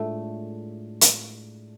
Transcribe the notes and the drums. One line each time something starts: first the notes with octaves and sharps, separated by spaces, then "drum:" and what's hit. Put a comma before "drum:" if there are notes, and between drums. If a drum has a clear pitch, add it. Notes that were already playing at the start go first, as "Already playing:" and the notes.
Already playing: A2 G#3 A3 D4 F4 A4
drum: hi-hat